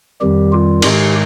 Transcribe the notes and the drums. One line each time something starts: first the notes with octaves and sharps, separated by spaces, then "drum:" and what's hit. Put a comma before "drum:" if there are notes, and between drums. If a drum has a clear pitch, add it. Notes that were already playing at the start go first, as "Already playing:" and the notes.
F2 D#3 G3 G4
F4
G#2 D#3 G#3 G4, drum: cymbal